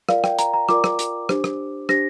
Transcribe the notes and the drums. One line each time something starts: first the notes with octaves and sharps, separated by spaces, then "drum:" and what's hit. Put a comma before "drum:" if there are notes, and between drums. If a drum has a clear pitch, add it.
F4 A#4 D5 F5, drum: rim click
G5, drum: rim click
A#5, drum: hi-hat
A#5
F4 A#4 D5 D6, drum: rim click
drum: rim click
drum: hi-hat
D4 G4 C5, drum: rim click
drum: rim click
D4 G4 C5 A#6, drum: rim click